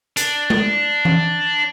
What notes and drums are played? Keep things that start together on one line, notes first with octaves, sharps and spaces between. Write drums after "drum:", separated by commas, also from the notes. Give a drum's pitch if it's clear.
D4, drum: hi-hat
drum: tom G#3
drum: tom E3